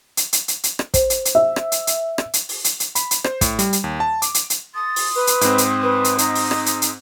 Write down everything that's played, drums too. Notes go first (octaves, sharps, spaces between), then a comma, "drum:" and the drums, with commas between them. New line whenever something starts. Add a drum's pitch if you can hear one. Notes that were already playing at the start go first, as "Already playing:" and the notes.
drum: hi-hat
drum: hi-hat
drum: hi-hat
drum: hi-hat
drum: rim click
C5, drum: kick, hi-hat
drum: hi-hat
drum: hi-hat
E5
drum: rim click
drum: hi-hat
drum: hi-hat
drum: rim click
drum: hi-hat
drum: open hi-hat
drum: hi-hat
drum: hi-hat
B5, drum: hi-hat
drum: hi-hat
C5, drum: rim click
A2, drum: kick, hi-hat
G3, drum: hi-hat
drum: hi-hat
D#2
A5
D6, drum: hi-hat
drum: hi-hat
drum: hi-hat
C6 D#6 A6
drum: open hi-hat
B4
drum: hi-hat
G#2 C4, drum: hi-hat
drum: hi-hat
B4
drum: hi-hat
D#4, drum: hi-hat
drum: open hi-hat
drum: rim click
drum: hi-hat
drum: hi-hat